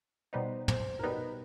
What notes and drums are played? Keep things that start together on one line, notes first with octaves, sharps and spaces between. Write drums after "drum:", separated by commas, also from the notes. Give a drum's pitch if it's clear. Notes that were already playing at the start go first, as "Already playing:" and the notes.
B2 G3 B3 D#4 C5
C5, drum: tom
A#4
B2 G3 B3 D#4 B4